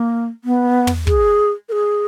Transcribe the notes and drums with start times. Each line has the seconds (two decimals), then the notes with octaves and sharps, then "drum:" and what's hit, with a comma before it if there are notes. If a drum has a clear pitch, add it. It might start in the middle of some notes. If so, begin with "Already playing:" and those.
Already playing: A#3
0.44 B3
0.87 drum: tom
1.07 G#4, drum: kick
1.69 A#4
1.72 G#4